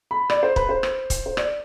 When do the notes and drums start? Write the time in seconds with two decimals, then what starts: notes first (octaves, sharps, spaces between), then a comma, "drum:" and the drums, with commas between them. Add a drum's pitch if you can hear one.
0.11 B5
0.30 D5, drum: rim click
0.43 C5
0.56 B4, drum: kick
0.69 C5
0.83 drum: rim click
1.10 drum: kick, hi-hat
1.26 C5
1.37 D5, drum: rim click